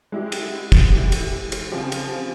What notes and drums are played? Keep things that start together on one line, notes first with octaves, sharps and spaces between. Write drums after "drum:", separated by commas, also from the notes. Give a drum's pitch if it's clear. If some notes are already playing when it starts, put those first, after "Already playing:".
G#3 E4 G4
drum: cymbal
drum: kick, cymbal
E3 G#3 E4 G4
drum: cymbal
drum: cymbal
C#3 F3 C4 G4
drum: cymbal